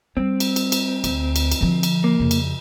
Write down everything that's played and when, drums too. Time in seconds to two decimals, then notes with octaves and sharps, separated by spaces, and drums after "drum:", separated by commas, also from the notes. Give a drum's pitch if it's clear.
0.17 G3 C4
0.40 drum: cymbal
0.56 drum: cymbal
0.72 drum: cymbal
1.04 D2, drum: cymbal
1.36 drum: cymbal
1.51 drum: cymbal
1.61 D3 F3
1.83 drum: cymbal
2.04 A#3
2.20 F2 C#3
2.31 drum: cymbal